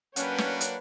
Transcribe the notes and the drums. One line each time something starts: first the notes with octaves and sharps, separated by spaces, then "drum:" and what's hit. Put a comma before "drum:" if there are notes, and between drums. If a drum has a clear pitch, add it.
F#3 A#3 C#4 D4 B4 C#5 F#5 G5, drum: hi-hat
drum: snare
drum: hi-hat